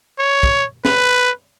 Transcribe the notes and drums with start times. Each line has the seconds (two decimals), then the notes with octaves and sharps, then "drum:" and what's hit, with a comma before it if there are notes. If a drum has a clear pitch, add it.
0.19 C#5
0.43 drum: kick
0.85 B4, drum: snare